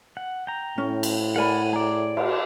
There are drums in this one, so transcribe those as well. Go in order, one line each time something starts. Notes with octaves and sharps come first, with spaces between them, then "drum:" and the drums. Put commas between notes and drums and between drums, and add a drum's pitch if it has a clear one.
F#5
G5 A#5
A2 C#4
drum: cymbal
A#4 D5 F#5 G#5 B5
G#4 D5 A#5
drum: cymbal